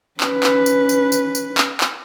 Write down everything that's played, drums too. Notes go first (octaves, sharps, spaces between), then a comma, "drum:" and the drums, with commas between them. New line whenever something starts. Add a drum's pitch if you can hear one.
C#4 B4, drum: clap
drum: clap
drum: tambourine
drum: tambourine
drum: tambourine
drum: tambourine
drum: clap
drum: clap